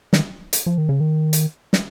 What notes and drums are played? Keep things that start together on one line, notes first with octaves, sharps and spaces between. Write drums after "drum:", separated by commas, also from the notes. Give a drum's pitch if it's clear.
D#3, drum: snare
drum: hi-hat
F3
D#3
C#3
D#3
drum: hi-hat
drum: snare